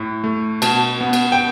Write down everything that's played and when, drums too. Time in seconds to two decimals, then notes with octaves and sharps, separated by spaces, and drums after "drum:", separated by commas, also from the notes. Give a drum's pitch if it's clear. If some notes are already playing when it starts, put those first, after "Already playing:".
Already playing: A2 A3
0.24 A3
0.62 B2 A5, drum: cymbal
1.01 B3
1.13 drum: cymbal
1.32 G5